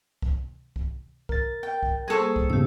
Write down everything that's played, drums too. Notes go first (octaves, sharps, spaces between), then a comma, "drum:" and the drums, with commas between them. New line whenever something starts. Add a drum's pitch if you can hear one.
drum: kick
drum: kick
A#4 A6, drum: kick
G5
drum: kick
G3 A#3 G#4 A4 C5 C#6
drum: kick
E2 G#2 C#3 G4 E6